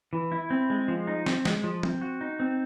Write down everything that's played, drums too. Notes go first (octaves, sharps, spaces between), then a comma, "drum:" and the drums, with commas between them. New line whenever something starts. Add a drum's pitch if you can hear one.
E3
E4
C4
G#3
F3
D#4
C4, drum: snare
G#3, drum: snare
F3
C4, drum: tom
F#4
D#4
C4